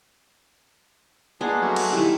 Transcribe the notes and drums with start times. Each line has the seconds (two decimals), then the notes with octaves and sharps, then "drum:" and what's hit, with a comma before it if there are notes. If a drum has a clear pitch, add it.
1.41 G#3 A#3 B3 D4 G#4 F#5
1.62 F#3 A3 C#4
1.76 drum: cymbal
1.94 B1 D#3 E4 G4